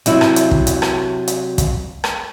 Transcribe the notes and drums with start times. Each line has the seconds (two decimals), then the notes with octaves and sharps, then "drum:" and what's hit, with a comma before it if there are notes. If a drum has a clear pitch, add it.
0.06 C3 F#3 E4, drum: hi-hat
0.21 drum: rim click
0.36 drum: hi-hat
0.51 drum: kick
0.67 drum: hi-hat
0.82 drum: rim click
1.28 drum: hi-hat
1.58 drum: kick, hi-hat
2.04 drum: rim click